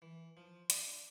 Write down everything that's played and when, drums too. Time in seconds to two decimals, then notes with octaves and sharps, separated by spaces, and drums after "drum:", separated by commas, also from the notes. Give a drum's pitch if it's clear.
0.02 E3
0.37 F3
0.70 D4, drum: hi-hat